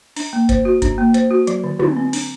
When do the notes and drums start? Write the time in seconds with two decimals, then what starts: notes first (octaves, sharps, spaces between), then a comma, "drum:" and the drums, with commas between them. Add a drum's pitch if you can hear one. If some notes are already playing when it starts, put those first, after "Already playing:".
0.16 D4, drum: open hi-hat
0.33 A#3
0.49 C5, drum: kick G1, hi-hat
0.65 F#4
0.82 D4, drum: kick G1, hi-hat
0.98 A#3
1.14 C5, drum: hi-hat
1.31 F#4
1.47 F#3, drum: hi-hat
1.64 D3
1.80 D3, drum: tom
1.97 C4
2.13 D4, drum: open hi-hat